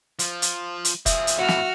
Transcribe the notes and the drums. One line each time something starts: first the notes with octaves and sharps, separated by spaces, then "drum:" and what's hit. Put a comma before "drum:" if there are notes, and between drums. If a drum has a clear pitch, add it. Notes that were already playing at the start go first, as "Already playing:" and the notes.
F3 F4, drum: hi-hat
drum: hi-hat
drum: hi-hat
F3 G#4 E5, drum: kick F1, hi-hat
drum: hi-hat
F2 A2 F#4 F6
drum: snare